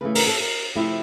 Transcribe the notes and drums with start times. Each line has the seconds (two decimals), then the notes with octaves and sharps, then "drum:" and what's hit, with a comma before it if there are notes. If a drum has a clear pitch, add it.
0.01 C#3 E3 A3 B4
0.15 A#4, drum: open hi-hat
0.27 A4
0.40 A#4
0.75 C3 F3 A3 C4 E4